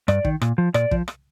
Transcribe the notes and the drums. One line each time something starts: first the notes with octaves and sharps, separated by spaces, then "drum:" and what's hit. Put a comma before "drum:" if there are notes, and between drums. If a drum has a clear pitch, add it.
G2 D5, drum: rim click
D#3, drum: kick
A#2, drum: rim click
F3
A#2 D5, drum: rim click
F3, drum: kick
drum: rim click